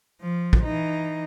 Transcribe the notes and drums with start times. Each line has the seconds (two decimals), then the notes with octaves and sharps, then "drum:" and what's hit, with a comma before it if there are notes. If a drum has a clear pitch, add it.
0.21 F3
0.53 drum: kick
0.64 E3 D#4